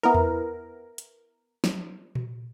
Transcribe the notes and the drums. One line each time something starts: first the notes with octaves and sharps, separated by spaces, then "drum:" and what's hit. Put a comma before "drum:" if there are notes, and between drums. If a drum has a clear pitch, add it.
B3 E4 A#4
drum: tom E2
drum: hi-hat
drum: snare
drum: tom A#2